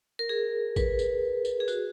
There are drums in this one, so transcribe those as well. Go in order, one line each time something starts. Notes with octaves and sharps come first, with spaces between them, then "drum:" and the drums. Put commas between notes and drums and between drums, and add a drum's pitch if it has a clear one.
A#4
G#4
B4, drum: kick, tambourine
drum: tambourine
drum: tambourine
G#4
F#4, drum: tambourine